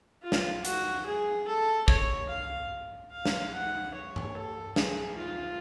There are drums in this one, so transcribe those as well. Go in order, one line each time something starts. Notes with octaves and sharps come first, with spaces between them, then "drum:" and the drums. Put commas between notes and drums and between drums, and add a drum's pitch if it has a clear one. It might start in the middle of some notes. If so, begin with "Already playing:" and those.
F4
drum: snare
F#4, drum: hi-hat
G#4
A4
C#5, drum: kick
F5
F5
drum: snare
F#5
C#5
drum: tom G2
A4
G#4, drum: snare
F4